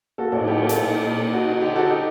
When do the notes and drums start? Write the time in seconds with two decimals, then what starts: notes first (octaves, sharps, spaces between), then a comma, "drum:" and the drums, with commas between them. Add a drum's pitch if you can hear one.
0.18 A#3 F#4 A4
0.32 A2, drum: cymbal
0.47 F#3 G4
0.61 A#3
0.69 A4, drum: hi-hat
0.75 A#2 G4
0.90 D#4
1.04 A#2
1.19 A#2
1.33 D#4 F#4
1.47 D#4 F#4
1.61 D3 G4
1.75 D#4 F#4 A4
1.90 D#4 G4